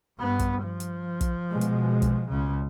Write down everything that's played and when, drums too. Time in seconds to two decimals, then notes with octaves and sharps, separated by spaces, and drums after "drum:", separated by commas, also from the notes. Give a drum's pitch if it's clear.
0.19 G2 B3
0.39 drum: kick, hi-hat
0.63 F3
0.80 drum: hi-hat
1.21 drum: kick, hi-hat
1.50 B2 G#3
1.61 drum: hi-hat
2.02 drum: kick, hi-hat
2.29 C#2 C#3